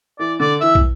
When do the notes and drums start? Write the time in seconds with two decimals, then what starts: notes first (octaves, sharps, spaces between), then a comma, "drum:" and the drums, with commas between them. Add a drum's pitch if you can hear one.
0.19 E3 D5
0.40 D3 D5
0.61 E3 E5
0.75 drum: kick